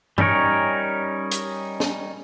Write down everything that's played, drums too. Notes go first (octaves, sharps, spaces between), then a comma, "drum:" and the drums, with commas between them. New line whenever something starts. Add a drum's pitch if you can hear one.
G3 C#4 D#4 A#4 C#5, drum: tom G2
drum: hi-hat
drum: snare D4